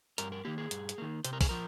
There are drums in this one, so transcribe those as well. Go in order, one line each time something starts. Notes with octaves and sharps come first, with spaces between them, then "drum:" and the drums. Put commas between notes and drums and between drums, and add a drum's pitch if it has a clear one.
G2 A#4, drum: hi-hat
A#4
D#3 A#3 G4
G#4
G2, drum: hi-hat
drum: hi-hat
D#3 A#3
C3 C5, drum: hi-hat
A#4
G#4, drum: kick, open hi-hat
F3 A#4